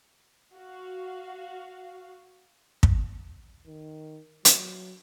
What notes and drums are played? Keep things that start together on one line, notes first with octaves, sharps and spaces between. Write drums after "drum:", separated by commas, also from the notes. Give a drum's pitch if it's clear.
F#4 F5
drum: kick
D#3
F#3, drum: hi-hat